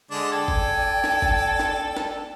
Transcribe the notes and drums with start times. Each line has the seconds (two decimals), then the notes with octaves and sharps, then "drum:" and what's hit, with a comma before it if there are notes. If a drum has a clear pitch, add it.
0.11 D3 G#3 D4 C6 D#6
0.32 A4 D5 G5 G#5 G#6
0.48 drum: kick G1
1.04 drum: snare
1.22 drum: kick G1
1.59 drum: snare
1.97 drum: snare